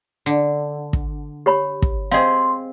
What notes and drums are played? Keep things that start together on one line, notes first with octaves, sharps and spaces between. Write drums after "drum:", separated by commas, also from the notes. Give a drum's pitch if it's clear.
D3
drum: kick
G4 C#5 B5
drum: kick
C4 G#4 D#5 F5 C6